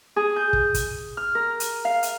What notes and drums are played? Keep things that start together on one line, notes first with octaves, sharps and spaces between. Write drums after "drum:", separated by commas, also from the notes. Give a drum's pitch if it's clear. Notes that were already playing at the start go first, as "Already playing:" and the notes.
G#4
G6
drum: kick
drum: kick, hi-hat
F6
A#4
drum: hi-hat
F5
drum: hi-hat